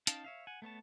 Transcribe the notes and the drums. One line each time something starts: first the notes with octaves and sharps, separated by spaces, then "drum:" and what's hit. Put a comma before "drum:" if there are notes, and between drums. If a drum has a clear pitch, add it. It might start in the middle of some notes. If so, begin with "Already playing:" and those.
C#4 D#4 F5 G5 A5, drum: hi-hat
C#5 E5 F5
F#5 G#5
A3 B3 C#5 A5